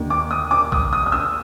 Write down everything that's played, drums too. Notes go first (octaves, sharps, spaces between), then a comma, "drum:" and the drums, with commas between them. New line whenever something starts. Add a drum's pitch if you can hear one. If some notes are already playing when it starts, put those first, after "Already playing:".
Already playing: D#2 D3
D6
D#6
D6
D#6, drum: kick A#1
D#6
D#6
E6